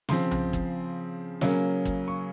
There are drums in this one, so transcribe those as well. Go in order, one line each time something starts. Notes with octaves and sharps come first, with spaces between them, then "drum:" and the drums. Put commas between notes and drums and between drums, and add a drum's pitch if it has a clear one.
C#3 F3 C4 C6, drum: snare
drum: tom B1
drum: kick
C#3 F#3 A#3 C#4, drum: snare
drum: kick
C#6